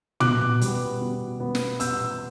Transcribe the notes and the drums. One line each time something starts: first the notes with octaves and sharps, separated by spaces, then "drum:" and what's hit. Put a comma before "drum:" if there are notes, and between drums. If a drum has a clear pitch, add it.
B2 D6 F#6, drum: tom
G3 B3, drum: hi-hat
B2
G3 B3
drum: snare
B2 E6 G6, drum: hi-hat